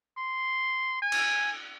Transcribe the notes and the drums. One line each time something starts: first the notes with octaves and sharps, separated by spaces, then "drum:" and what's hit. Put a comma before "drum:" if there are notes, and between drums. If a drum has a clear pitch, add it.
C6
G#5
drum: cymbal